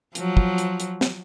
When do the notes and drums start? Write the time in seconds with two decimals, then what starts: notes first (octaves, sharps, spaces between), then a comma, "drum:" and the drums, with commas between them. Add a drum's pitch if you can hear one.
0.15 F3 F#3, drum: hi-hat
0.37 drum: kick
0.58 drum: hi-hat
0.80 drum: hi-hat
1.01 drum: snare